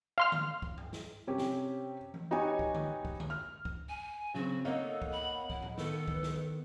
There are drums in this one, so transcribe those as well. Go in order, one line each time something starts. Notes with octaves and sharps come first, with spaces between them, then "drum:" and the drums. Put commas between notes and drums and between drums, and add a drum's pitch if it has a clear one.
F5 C6 F6
drum: tom D3
drum: kick C#2
drum: tom
drum: snare
C3 C#4 G4
drum: snare
drum: tom E3
B3 D#4 F#4 G4 C#5 G#5
drum: kick C#2
drum: tom D3
drum: kick C#2
drum: tom D3
F6
drum: kick C#2
G#5
C#3 F#3 C4 F#4
A#3 B3 D#4 A4 C#5 D#5 F5 F#5
drum: kick C#2
B5
E4, drum: kick C#2
drum: tom A2
D#3 B3 A4 B4, drum: snare
drum: kick C#2
drum: snare